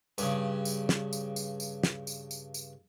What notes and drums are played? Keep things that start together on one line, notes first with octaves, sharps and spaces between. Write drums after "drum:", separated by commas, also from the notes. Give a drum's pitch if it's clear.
G2 C#3, drum: tambourine
drum: tambourine
drum: snare
drum: tambourine
drum: tambourine
drum: tambourine
drum: snare
drum: tambourine
drum: tambourine
drum: tambourine